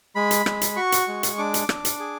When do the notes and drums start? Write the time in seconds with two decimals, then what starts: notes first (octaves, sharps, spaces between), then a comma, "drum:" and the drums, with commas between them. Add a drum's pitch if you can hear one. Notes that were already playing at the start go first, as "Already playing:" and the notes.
0.15 G#3 B5
0.31 drum: hi-hat
0.46 G#3, drum: rim click
0.61 drum: hi-hat
0.76 F#4 C#6
0.92 drum: hi-hat
1.08 G#3
1.23 drum: hi-hat
1.38 D4 D6
1.54 drum: hi-hat
1.69 D4, drum: rim click
1.85 drum: hi-hat
2.00 G#4